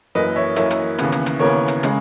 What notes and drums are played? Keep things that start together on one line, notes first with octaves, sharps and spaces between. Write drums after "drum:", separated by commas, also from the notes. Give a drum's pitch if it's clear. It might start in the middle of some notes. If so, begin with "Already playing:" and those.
F#2 E3 A#3 B4 D#5
C#5 E5
F#2 E3 A#3 C#5 E5, drum: hi-hat
drum: hi-hat
D#2 C#3 E3 B3, drum: hi-hat
drum: hi-hat
drum: hi-hat
D#2 C#3 E3 B3 A#4 C#5
drum: hi-hat
C#3 G#3, drum: hi-hat